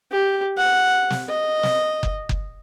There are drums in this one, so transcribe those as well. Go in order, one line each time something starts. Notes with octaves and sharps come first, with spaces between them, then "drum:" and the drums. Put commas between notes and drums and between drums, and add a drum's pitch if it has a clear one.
G4
F#5
drum: snare
D#5
drum: snare
drum: kick F#1
drum: kick F#1